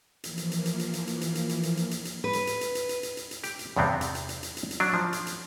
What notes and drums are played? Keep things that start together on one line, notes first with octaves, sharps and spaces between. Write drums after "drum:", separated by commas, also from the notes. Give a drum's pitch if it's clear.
E3 F3 A#3, drum: hi-hat
drum: hi-hat
drum: hi-hat
drum: hi-hat
drum: hi-hat
drum: hi-hat
drum: hi-hat
drum: hi-hat
drum: hi-hat
drum: hi-hat
drum: hi-hat
drum: hi-hat
drum: hi-hat
drum: hi-hat
B4
drum: hi-hat
drum: hi-hat
drum: hi-hat
drum: hi-hat
drum: hi-hat
drum: hi-hat
drum: hi-hat
drum: hi-hat
G4, drum: hi-hat
drum: hi-hat
E2 G2 C3 B3 C4
drum: hi-hat
drum: hi-hat
drum: hi-hat
drum: hi-hat
drum: hi-hat
drum: hi-hat
F#3 D4
F3
drum: hi-hat
drum: hi-hat